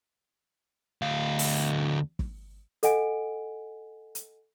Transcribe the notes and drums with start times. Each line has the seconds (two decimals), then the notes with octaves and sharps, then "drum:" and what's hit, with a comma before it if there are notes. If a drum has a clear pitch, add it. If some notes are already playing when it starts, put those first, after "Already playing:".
1.02 D2 F5
1.39 drum: open hi-hat
2.19 drum: kick
2.83 A4 D#5 F#5 G#5 D7, drum: hi-hat
4.15 drum: hi-hat